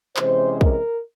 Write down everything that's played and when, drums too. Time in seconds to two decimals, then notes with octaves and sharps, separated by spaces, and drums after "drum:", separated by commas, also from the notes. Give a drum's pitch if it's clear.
0.17 C3 E3 G#3 C#4 C5, drum: clap
0.61 A#4, drum: kick